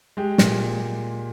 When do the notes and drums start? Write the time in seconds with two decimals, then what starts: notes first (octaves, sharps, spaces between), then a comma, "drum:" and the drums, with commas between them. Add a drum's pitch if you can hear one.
0.17 G#3 G4
0.38 A#2, drum: snare